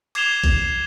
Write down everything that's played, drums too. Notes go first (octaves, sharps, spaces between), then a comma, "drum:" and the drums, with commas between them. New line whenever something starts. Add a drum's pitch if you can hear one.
D6 G#6 C7 E7 F7 G7, drum: cymbal
drum: kick A1, cymbal